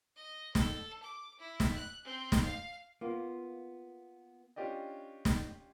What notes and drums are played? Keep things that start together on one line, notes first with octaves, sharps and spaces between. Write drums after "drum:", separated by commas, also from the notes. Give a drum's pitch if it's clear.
D#5
A4, drum: snare
D6
E4
drum: snare
F#6
C4
drum: snare
F5
A#3 B3 F4
C#4 D4 F4 G4 D5 D#5
drum: snare